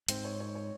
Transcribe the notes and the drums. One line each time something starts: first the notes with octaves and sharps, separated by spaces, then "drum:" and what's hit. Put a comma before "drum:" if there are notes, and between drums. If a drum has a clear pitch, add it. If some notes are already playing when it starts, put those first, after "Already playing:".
G#2 C4, drum: hi-hat
C#5
C#5
C#5